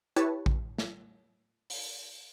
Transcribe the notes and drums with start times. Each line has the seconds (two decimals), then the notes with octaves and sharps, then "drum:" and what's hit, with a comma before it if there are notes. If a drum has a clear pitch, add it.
0.16 E4 G4 B4 C#5 A5, drum: hi-hat
0.46 drum: kick A1
0.78 drum: snare
1.70 drum: open hi-hat